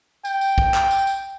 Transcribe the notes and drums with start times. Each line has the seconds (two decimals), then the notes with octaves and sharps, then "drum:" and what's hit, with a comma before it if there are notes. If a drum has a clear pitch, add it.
0.25 G5, drum: tambourine
0.41 drum: tambourine
0.58 drum: kick
0.74 drum: clap
0.91 drum: tambourine
1.07 drum: tambourine